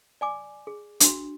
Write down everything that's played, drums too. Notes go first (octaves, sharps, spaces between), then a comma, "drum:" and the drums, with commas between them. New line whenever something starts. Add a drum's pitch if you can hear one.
D5 G#5 D6
G#4
D4 F#4, drum: hi-hat